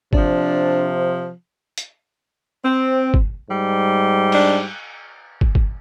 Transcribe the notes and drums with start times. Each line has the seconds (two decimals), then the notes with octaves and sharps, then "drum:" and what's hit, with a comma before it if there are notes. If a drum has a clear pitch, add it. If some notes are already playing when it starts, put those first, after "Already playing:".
0.13 C3 F3 D4, drum: kick
1.78 drum: hi-hat
2.64 C4
3.14 drum: kick
3.49 G#2 G3
4.32 D4, drum: cymbal
5.41 drum: kick
5.55 drum: kick